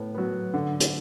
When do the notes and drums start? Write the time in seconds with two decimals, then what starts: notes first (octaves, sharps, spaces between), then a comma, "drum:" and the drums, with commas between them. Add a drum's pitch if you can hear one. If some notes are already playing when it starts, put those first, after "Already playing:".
Already playing: A2 B3
0.14 F#3 B3
0.54 D3
0.80 drum: hi-hat